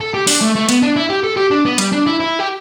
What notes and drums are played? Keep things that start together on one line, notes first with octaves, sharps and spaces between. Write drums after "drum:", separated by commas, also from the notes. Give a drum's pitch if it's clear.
A4
G4
D4, drum: open hi-hat
A3
A3
B3, drum: hi-hat
D4
E4
G4
A4
G4
D4
B3
G3, drum: hi-hat
D4
E4
E4
G4